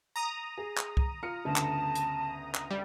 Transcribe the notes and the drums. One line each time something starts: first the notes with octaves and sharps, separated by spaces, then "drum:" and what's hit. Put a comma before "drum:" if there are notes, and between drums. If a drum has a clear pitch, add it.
A#5 D#6
G#4
drum: clap
drum: kick C2
F4 F6 C#7
G1 D2 C#3 A5
drum: clap
drum: hi-hat
drum: clap
G3